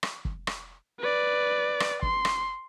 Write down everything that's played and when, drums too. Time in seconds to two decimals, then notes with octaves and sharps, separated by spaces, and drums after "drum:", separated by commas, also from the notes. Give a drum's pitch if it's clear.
0.03 drum: rim click
0.25 drum: kick
0.47 drum: rim click
1.00 B4 D5
1.80 drum: rim click
2.02 C6, drum: kick
2.25 drum: rim click